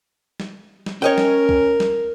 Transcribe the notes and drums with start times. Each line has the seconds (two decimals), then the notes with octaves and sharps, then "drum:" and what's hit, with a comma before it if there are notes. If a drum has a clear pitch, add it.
0.40 drum: snare
0.86 drum: snare
1.02 C#4 A#4 C#5 D#5 G5
1.18 drum: snare
1.49 drum: kick C2
1.80 drum: snare